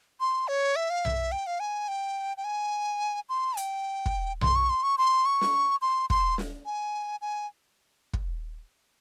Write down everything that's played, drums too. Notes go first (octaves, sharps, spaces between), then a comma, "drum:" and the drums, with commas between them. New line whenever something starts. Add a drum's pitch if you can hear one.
C6
C#5
E5
F5
E5, drum: tom B1
G5
F5
G#5
G5
G5
G#5
C6
G5, drum: hi-hat
drum: kick
C6, drum: tom B1
C#6
C6
C#6
C6
C#6
drum: snare
C6
C6, drum: kick
drum: snare
G#5
G#5
drum: kick